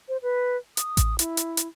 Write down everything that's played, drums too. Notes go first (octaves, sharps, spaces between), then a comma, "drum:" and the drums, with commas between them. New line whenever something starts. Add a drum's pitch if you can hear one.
C5
B4
D#6, drum: hi-hat
drum: kick A1, hi-hat
E4, drum: hi-hat
drum: hi-hat
drum: hi-hat